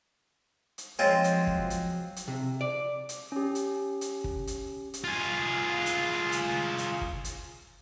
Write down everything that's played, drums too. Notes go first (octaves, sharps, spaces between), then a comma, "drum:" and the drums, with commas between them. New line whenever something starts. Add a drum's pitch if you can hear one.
drum: hi-hat
F3 F#3 G#3 C4 F4 C#5
drum: hi-hat
drum: kick
drum: hi-hat
drum: hi-hat
C3
D5
drum: hi-hat
C#4 G4
drum: hi-hat
drum: hi-hat
drum: kick
drum: hi-hat
drum: hi-hat
F4 G#4
drum: hi-hat
drum: hi-hat
drum: hi-hat
drum: kick
drum: hi-hat